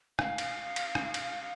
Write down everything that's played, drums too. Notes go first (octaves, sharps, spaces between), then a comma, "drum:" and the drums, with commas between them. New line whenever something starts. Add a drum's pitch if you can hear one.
F5, drum: rim click
drum: cymbal
drum: cymbal
drum: rim click
drum: cymbal